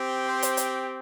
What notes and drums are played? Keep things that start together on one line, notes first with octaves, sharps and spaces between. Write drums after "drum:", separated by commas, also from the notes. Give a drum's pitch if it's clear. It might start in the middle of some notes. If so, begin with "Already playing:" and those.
Already playing: C4 G4
C5
drum: hi-hat
drum: hi-hat